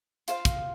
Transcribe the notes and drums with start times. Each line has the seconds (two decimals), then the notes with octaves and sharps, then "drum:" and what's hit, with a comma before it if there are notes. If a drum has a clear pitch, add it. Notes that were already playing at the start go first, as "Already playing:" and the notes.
0.28 F4 C5 F5, drum: hi-hat
0.45 drum: kick, hi-hat